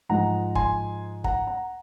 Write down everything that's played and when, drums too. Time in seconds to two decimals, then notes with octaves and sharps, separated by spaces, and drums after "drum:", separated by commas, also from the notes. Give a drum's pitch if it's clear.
0.09 G#2 F3 G#3 F#5 A#5
0.55 G#5 C6, drum: kick
1.24 F#5 A#5, drum: kick
1.47 F#5 A#5